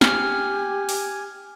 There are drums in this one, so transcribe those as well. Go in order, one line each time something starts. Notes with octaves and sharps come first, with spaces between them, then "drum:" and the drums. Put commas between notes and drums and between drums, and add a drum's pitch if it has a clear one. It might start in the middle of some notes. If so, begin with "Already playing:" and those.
G4 G#5 F6, drum: snare
drum: open hi-hat